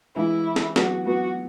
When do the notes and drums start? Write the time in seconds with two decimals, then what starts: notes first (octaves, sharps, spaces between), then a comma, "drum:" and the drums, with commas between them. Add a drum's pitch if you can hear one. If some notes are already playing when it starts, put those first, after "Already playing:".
0.16 E3 G#3 E4
0.56 drum: snare
0.76 F#3 B3 F#4, drum: snare
1.06 F#3 B3 F#4